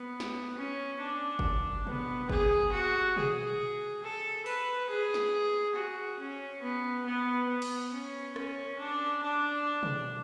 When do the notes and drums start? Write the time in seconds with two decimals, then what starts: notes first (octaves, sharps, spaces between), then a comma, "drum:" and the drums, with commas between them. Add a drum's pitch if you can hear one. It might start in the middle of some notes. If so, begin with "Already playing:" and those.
Already playing: B3
0.20 drum: snare
0.57 C#4
1.00 D4
1.39 drum: kick G1
1.87 B3, drum: tom
2.29 G#4, drum: kick G1
2.73 F#4
3.16 G#4, drum: tom
4.03 A4
4.46 B4, drum: open hi-hat
4.89 G#4
5.14 drum: snare
5.75 F#4
6.19 C#4
6.62 B3
7.06 B3
7.49 B3
7.62 drum: cymbal
7.92 C#4
8.36 C#4, drum: rim click
8.79 D4
9.23 D4
9.83 drum: tom